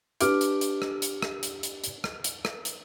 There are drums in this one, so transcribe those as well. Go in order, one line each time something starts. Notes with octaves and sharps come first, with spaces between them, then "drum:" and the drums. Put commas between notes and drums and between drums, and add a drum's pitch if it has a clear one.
D4 G4 B4 D6 F6 D7, drum: hi-hat
drum: hi-hat
drum: hi-hat
drum: rim click
drum: hi-hat
drum: rim click
drum: hi-hat
drum: hi-hat
drum: hi-hat
drum: rim click
drum: hi-hat
drum: rim click
drum: hi-hat